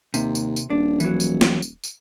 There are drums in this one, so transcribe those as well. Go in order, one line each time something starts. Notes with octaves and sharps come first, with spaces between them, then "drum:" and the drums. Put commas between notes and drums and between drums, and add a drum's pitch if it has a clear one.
D#2 C3, drum: tambourine
drum: tambourine
drum: tambourine
D#1 D4
E3 F#3, drum: tambourine
drum: tambourine
drum: snare
drum: tambourine
drum: tambourine